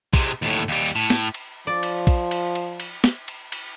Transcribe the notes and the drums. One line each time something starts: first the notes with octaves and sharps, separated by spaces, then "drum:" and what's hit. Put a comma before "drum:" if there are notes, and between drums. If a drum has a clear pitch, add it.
C3 G#3, drum: kick, cymbal
D#2 A2
D#2 G3
drum: cymbal
A2
drum: snare
drum: cymbal
F3 D5
drum: cymbal
drum: kick, cymbal
drum: cymbal
drum: cymbal
drum: cymbal
drum: snare
drum: cymbal
drum: cymbal